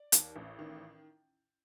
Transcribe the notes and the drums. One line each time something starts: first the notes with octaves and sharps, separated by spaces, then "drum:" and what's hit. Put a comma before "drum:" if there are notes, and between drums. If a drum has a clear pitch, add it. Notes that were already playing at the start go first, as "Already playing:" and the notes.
Already playing: D5
D#2, drum: hi-hat
A1
D#3